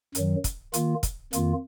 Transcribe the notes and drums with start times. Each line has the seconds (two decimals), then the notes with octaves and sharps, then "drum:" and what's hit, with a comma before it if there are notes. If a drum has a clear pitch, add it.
0.15 F#2 D#3 F#3, drum: hi-hat
0.44 drum: kick, hi-hat
0.73 D#3 A#3 F4, drum: hi-hat
1.03 drum: kick, hi-hat
1.33 F2 D#3 A#3 F4, drum: hi-hat